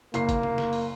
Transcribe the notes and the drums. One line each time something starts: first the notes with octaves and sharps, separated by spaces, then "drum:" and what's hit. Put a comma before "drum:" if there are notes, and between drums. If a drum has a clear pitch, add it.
F#1 A#3 C7, drum: hi-hat
drum: kick G1, hi-hat
drum: tom C3
drum: snare
drum: open hi-hat